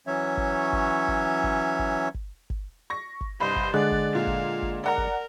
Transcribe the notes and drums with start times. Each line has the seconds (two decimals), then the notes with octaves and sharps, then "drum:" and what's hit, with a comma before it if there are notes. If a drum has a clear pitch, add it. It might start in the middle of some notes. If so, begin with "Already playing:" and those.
0.07 E3 F#3 C#4 C#5 E5
0.37 drum: kick G1
0.73 drum: kick G1
1.08 drum: kick G1
1.44 drum: kick G1
1.79 drum: kick G1
2.14 drum: kick G1
2.50 drum: kick G1
2.90 C#6 A#6
3.21 drum: kick G1
3.40 C2 G2 C5 D#5 B5
3.56 drum: kick G1
3.74 D3 G#3 D5 F#6 A6
3.92 drum: kick G1
4.15 A#2 F5
4.27 drum: kick G1
4.62 drum: kick G1
4.84 A#4 D5 F#5 A#5
4.98 drum: kick G1